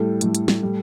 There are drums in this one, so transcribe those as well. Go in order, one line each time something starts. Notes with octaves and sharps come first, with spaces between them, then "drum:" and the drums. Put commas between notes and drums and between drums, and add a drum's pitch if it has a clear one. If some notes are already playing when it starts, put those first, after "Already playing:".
Already playing: A2 G3 A4
A2 G3, drum: hi-hat
drum: hi-hat
drum: snare
A2 G3